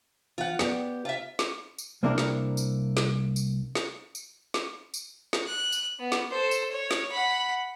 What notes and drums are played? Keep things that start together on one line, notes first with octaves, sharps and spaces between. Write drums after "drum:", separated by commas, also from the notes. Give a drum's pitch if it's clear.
E3 F4 F#5
B3 G4 D5, drum: snare
F4 E5
drum: snare
drum: tambourine
C2 A#3 C4 D4 E4 A#4
drum: snare
drum: tambourine
drum: snare
drum: tambourine
drum: snare
drum: tambourine
drum: snare
drum: tambourine
drum: snare
F#6
drum: tambourine
B3
drum: snare
A4 C5
drum: tambourine
C#5
drum: snare
F#5 B5